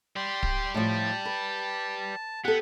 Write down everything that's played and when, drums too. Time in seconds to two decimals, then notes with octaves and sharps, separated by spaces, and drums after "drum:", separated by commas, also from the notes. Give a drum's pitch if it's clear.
0.17 G4 D5 G5 C6
0.43 drum: kick D1
0.74 A2 F3 A5
1.25 B4
2.45 B3 G4 A4 F#5